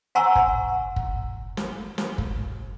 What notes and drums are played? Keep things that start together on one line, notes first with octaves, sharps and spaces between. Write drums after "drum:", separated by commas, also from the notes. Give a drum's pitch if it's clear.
F#5 G#5 A#5 C6 C#6 E6
drum: kick
drum: kick
drum: snare
drum: snare
drum: kick